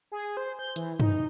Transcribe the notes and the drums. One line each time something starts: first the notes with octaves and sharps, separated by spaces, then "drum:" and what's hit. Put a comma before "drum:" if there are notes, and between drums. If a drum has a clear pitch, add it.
G#4
C5
G6
E3, drum: hi-hat
D#4, drum: tom